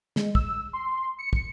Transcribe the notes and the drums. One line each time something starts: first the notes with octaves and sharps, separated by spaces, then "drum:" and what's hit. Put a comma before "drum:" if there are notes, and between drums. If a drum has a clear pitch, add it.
G#3, drum: snare
E6, drum: kick
C6
C#7
drum: kick